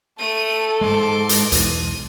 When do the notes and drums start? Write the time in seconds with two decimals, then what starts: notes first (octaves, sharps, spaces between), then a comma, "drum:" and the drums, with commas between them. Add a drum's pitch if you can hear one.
0.19 A3 A4 D#7
0.81 G#2 G#3 C6 D6
1.29 drum: hi-hat
1.52 B1 E2 D#7, drum: hi-hat